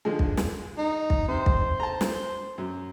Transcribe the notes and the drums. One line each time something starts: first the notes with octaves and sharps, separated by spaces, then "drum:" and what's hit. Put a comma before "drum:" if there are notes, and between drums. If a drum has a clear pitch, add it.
D3 F3 G#3
drum: kick
drum: snare
D#4
drum: kick
C3 C5
drum: kick
A5 A#5
drum: snare
F#2